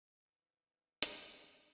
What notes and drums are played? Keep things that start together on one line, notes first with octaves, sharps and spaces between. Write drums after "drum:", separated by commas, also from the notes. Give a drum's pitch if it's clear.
G#2 C3 E3
drum: hi-hat